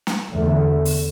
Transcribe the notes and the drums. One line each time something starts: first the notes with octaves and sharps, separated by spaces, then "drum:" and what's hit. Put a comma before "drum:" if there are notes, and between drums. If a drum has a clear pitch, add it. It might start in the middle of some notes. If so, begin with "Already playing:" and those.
drum: snare
E2 D3 A3
drum: open hi-hat